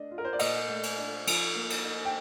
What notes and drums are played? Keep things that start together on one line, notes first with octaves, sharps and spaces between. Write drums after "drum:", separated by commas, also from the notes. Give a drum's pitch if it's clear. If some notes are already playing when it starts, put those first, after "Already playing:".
Already playing: A3 D4 D#5
F4
A#4
C5
D5
A#2 D#5, drum: cymbal
A3
drum: cymbal
D4
F3, drum: cymbal
A#3
drum: cymbal
D#4
G5